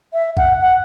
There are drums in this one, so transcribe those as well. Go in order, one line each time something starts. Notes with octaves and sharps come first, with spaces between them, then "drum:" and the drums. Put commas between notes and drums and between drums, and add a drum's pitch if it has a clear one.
E5
F#5, drum: kick A#1
F#5